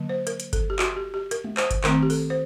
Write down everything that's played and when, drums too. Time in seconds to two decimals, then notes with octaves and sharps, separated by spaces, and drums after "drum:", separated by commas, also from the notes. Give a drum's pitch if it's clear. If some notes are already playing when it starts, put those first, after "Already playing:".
Already playing: D3 F#3 A#3
0.09 C5
0.27 A#4, drum: hi-hat
0.40 drum: hi-hat
0.53 A4, drum: kick G1, hi-hat
0.70 G4
0.79 F#4, drum: clap
0.96 G4
1.14 G4
1.31 A#4, drum: hi-hat
1.44 drum: tom G#3
1.57 C5, drum: clap
1.71 drum: kick G1, hi-hat
1.84 D#3 A3 C4 A#4, drum: clap
2.03 G4
2.10 A4, drum: open hi-hat
2.30 C5